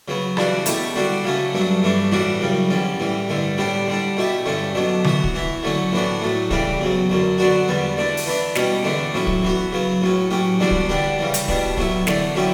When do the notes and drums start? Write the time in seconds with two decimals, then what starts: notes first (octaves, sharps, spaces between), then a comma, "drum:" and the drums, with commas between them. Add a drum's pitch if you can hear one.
0.08 C#3 F#3 B3
0.37 C#3 E3 G3 D4 F#4, drum: rim click
0.66 B2 A3 E4 G4, drum: hi-hat
0.95 D3 G3 D4 F#4
1.24 C#3 F#3 A3 C#4
1.53 G2 F#3 A3 D4
1.83 G2 E3 A3 D4
2.12 A2 E3 G3 D4 F#4
2.41 F#2 C#3 G3
2.70 E2 D3 G3 C#4
3.00 A2 E3 G3
3.29 G2 D3 A3
3.58 A2 G3 B3 D4 G4
3.87 D3 G3 D4
4.17 B2 A3 E4 G4
4.46 G2 D3 A3 C#4
4.75 B2 F#3 B3 D4
5.04 E3 B3 F#4, drum: tom D3
5.24 drum: kick
5.34 E3 B3 E4
5.63 D3 F#3 A3 C#4
5.92 A2 E3 B3 D4 F#4
6.21 A2 F#3 A3
6.50 C#3 E3 G3 D4 G4, drum: kick
6.80 E2 C#3 F#3
7.10 F#2 D3 F#3
7.38 D3 F#3 B3 D4 F#4
7.67 E2 D3 G3 B3
7.97 D3 A3 D4
8.17 drum: open hi-hat
8.26 E3 B3 D4
8.55 B2 G3 C#4 G4, drum: snare
8.84 E2 D3 A3 D4
9.14 A2 F#3 C#4 E4
9.27 drum: kick
9.42 E3 B3 F#4
9.72 C#3 F#3 B3
10.02 A2 F#3 C#4
10.31 A2 F#3 C#4 G4
10.60 E2 D3 G3 D4 F#4
10.71 drum: kick
10.89 D3 G3 B3 D4 G4
11.19 C#3 E3 G3
11.34 drum: hi-hat
11.48 B2 G3 B3 D4, drum: kick
11.77 A2 F#3 B3 E4, drum: kick
12.07 E2 D3 A3 D4, drum: snare
12.35 D3 F#3 C#4 E4 G4